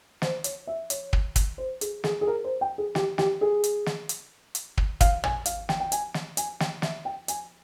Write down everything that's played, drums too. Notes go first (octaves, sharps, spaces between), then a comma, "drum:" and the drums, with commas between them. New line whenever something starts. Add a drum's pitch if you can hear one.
C5, drum: snare
C#5, drum: hi-hat
E5
C#5, drum: hi-hat
drum: kick
drum: kick, hi-hat
C5
G#4, drum: hi-hat
G#4, drum: snare
G#4
A#4
C5
G5
G#4
G4, drum: snare
G4, drum: snare
G#4
drum: hi-hat
drum: snare
drum: hi-hat
drum: hi-hat
drum: kick
F5, drum: kick, hi-hat
G#5, drum: tom
F5, drum: hi-hat
G5, drum: snare
G5
G#5, drum: hi-hat
drum: snare
G#5, drum: hi-hat
G5, drum: snare
E5, drum: snare
G5
G#5, drum: hi-hat